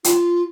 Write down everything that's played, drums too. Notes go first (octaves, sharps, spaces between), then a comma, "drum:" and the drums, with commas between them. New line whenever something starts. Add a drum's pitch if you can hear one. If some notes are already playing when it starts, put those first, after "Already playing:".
F4, drum: hi-hat